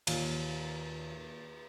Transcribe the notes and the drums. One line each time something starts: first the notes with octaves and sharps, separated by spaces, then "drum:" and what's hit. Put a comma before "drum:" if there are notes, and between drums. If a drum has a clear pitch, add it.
D#2 A#2, drum: cymbal